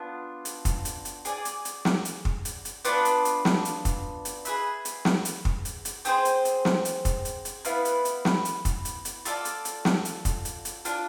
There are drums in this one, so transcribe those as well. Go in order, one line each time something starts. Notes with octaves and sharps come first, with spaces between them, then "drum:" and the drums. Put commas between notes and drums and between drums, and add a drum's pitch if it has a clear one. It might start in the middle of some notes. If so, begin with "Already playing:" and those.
Already playing: B3 D4 F4
drum: hi-hat
drum: kick, hi-hat
drum: hi-hat
drum: hi-hat
G#4 D5 G#5, drum: hi-hat
drum: hi-hat
drum: hi-hat
drum: snare
drum: hi-hat
drum: kick
drum: hi-hat
drum: hi-hat
B3 D4 F4 B4, drum: hi-hat
drum: hi-hat
drum: hi-hat
drum: snare
drum: hi-hat
drum: kick, hi-hat
drum: hi-hat
G#4 B4 E5, drum: hi-hat
drum: hi-hat
drum: snare
drum: hi-hat
drum: kick
drum: hi-hat
drum: hi-hat
C4 G#4 C5, drum: hi-hat
drum: hi-hat
drum: hi-hat
drum: snare
drum: hi-hat
drum: kick, hi-hat
drum: hi-hat
drum: hi-hat
B3 E4 B4 F5, drum: hi-hat
drum: hi-hat
drum: hi-hat
drum: snare
drum: hi-hat
drum: kick, hi-hat
drum: hi-hat
drum: hi-hat
F4 A4 D5, drum: hi-hat
drum: hi-hat
drum: hi-hat
drum: snare
drum: hi-hat
drum: kick, hi-hat
drum: hi-hat
drum: hi-hat
D4 F4 A4, drum: hi-hat